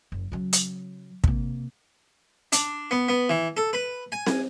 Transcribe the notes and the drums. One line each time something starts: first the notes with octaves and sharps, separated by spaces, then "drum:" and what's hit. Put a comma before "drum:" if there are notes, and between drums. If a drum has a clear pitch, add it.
F#1
C#3 F#3
drum: hi-hat
C3 A#3, drum: kick
D4, drum: hi-hat
B3
B3
E3
A4
B4
G#5
drum: snare C4